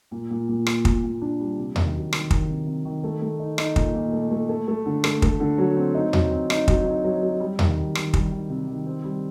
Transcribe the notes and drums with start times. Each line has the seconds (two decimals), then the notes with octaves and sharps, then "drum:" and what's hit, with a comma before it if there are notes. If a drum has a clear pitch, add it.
0.11 A#2
0.30 A#2
0.48 A#2
0.66 A#2, drum: rim click
0.85 A#2, drum: kick
1.03 A#2
1.22 D4
1.40 G3
1.58 C3
1.76 D#3, drum: tom E2
1.94 F#3
2.13 D#3, drum: rim click
2.31 D#3, drum: kick
2.49 C3
2.67 C3
2.85 D#3
3.04 A3
3.21 A3
3.40 D#4
3.58 D#4, drum: rim click
3.76 A#2, drum: kick
3.94 A#2
4.13 A3
4.31 A3
4.49 A3
4.68 A3
4.86 D3
5.04 A3, drum: rim click
5.22 A3, drum: kick
5.40 D3
5.58 F#3
5.76 C4
5.95 D#4
6.13 F#3, drum: tom E2
6.31 C4
6.50 D#4, drum: rim click
6.68 F#3, drum: kick
6.85 D#4
7.04 F#3
7.22 F#3
7.40 G3
7.59 D#3, drum: tom E2
7.77 G3
7.95 D#3, drum: rim click
8.14 G3, drum: kick
8.31 D#3
8.49 C3
8.68 D#3
8.87 C4
9.04 G3